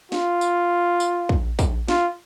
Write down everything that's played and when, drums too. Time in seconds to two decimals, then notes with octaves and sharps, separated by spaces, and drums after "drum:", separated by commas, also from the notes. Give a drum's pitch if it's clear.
0.12 F4, drum: snare
0.41 drum: tambourine
1.00 drum: tambourine
1.29 drum: kick
1.59 drum: kick, tambourine
1.88 F4, drum: snare